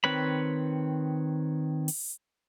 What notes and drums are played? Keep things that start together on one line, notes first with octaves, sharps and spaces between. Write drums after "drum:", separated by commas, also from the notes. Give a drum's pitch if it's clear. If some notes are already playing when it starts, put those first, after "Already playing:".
D#3 C4 B4 C#5 B5
drum: open hi-hat